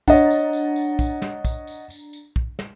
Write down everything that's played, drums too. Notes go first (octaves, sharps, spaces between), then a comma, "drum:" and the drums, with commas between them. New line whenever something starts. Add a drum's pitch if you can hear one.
D4 C#5 D#5 F#5 A#5 A6, drum: kick, tambourine
drum: tambourine
drum: tambourine
drum: tambourine
drum: kick, tambourine
drum: snare
drum: kick, tambourine
drum: tambourine
drum: tambourine
drum: tambourine
drum: kick
drum: snare